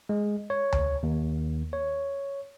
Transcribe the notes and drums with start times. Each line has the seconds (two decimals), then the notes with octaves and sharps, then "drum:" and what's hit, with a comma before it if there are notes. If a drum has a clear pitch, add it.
0.09 G#3
0.50 C#5
0.72 drum: tom D2
1.03 D#2
1.73 C#5